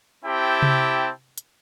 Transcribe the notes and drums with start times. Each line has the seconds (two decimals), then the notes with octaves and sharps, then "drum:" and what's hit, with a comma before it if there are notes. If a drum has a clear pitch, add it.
0.25 C4 E4 G4 G5 A5
0.62 drum: tom C3
1.38 drum: hi-hat